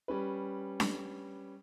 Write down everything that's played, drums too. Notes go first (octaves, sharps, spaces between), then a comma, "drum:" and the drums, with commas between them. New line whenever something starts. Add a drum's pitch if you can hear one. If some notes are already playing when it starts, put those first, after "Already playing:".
G3 C#4 B4
drum: snare D4